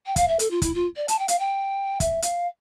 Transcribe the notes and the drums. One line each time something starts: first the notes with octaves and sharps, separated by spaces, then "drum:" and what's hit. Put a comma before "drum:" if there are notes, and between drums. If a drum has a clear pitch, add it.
G5
F5, drum: kick, hi-hat
E5
A4, drum: hi-hat
F4
E4, drum: kick, hi-hat
F4
D5
A5, drum: hi-hat
G5
F5, drum: hi-hat
G5
E5, drum: kick, hi-hat
F5, drum: hi-hat